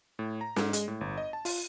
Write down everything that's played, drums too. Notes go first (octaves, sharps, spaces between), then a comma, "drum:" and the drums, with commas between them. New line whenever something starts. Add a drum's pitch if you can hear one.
A2
A#5
G#2, drum: snare
G#3, drum: hi-hat
A2
G1
D#5
A5
F4, drum: open hi-hat